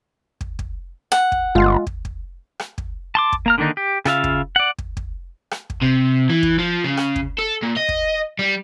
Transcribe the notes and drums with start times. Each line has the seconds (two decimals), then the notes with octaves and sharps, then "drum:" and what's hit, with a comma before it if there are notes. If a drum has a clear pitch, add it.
0.41 drum: kick
0.59 drum: kick
1.12 F#5, drum: rim click
1.32 drum: kick
1.55 G1 G#3 F4
1.87 drum: kick
2.05 drum: kick
2.60 drum: rim click
2.78 drum: kick
3.15 A5 C6 D6
3.32 drum: kick
3.46 A#3 A#5 F6
3.58 D3 D#3 A#3 D4 D#4
3.77 G4
4.05 C#3 F4 E5 F5, drum: rim click
4.24 drum: kick
4.56 D5 F#5
4.78 drum: kick
4.97 drum: kick
5.51 drum: rim click
5.70 drum: kick
5.82 C3
6.30 E3
6.43 drum: kick
6.59 F3
6.84 C#3
6.97 drum: rim click
7.16 drum: kick
7.39 A4
7.63 A#2
7.77 D#5
7.89 drum: kick
8.39 G3